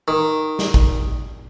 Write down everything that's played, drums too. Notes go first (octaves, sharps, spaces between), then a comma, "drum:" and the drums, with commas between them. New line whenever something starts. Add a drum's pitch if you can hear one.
D#3
drum: snare
drum: kick